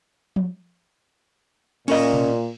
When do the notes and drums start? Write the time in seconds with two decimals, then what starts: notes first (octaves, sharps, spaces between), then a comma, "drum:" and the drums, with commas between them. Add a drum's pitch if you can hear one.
0.36 drum: tom F3
1.88 A#2 C#4 A#4 D#5, drum: cymbal
2.13 drum: tom B2